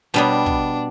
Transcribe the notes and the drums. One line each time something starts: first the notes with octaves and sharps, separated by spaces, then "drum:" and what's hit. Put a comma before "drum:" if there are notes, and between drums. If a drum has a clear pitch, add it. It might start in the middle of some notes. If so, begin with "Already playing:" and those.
B2 G3 B3 D4
drum: kick